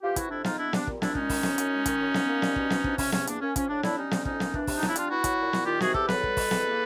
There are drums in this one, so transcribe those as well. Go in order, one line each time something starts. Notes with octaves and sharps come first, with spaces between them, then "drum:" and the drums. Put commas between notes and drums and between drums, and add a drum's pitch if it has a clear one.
E3 F4 G4
C3 E4 F#4, drum: kick, hi-hat
F2 D4 E4
G#3 D#4 F4, drum: snare
B3 D4 E4
G3 D4, drum: snare
A#2, drum: kick
A#2 D4 E4, drum: snare
G#3 C#4 D#4, drum: kick
D#3, drum: kick, open hi-hat
F#2, drum: snare
F#2, drum: hi-hat
G#3
D#3, drum: kick, hi-hat
F#2
B3, drum: snare
A#3
G3, drum: snare
B2, drum: kick
B2, drum: snare
F3 D4, drum: kick
C3 C#4, drum: kick, open hi-hat
E2 C#4, drum: snare
A#3 D4, drum: hi-hat
A#3 C#4
F3 C#4, drum: kick, hi-hat
A2 D4
A2 D4 E4, drum: snare
G3 C#4 D#4
D3, drum: snare
F2 C#4 D#4, drum: kick
A#3, drum: snare
E3 D4, drum: kick
C3, drum: kick, open hi-hat
D#4
C#2, drum: snare
E4
G3 F4, drum: hi-hat
B3 E4 F#4
F#3, drum: kick, hi-hat
A#2
A#2, drum: snare
D#3 F4 G4
C3 F#4 G#4, drum: snare
E2 G4 A4, drum: kick
F#3 A4 B4, drum: snare
G3, drum: kick
B2, drum: kick, open hi-hat
E2, drum: snare
A#3